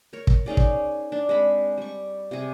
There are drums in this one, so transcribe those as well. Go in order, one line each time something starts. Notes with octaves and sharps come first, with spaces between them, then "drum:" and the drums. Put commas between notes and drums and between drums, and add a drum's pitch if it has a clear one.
A#4 C#5
drum: kick
C#4 D#4 G#4 D5
drum: kick
D4
G#3 C4 B5
G3 C#6
C3 G#4